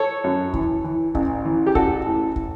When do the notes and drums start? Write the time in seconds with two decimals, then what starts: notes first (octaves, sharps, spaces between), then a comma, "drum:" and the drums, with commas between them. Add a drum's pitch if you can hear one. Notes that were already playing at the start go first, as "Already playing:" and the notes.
Already playing: A4 C#5
0.24 F#2
0.53 E3, drum: kick
0.84 E3
1.15 A1, drum: kick
1.45 E3
1.67 G4
1.75 A1 F#4 A4, drum: kick
2.06 A2
2.36 drum: kick